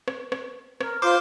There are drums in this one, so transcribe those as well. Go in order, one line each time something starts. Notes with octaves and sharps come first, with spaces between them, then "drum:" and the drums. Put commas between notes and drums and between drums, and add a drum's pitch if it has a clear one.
drum: rim click
drum: rim click
A#4, drum: rim click
F4 C5 D6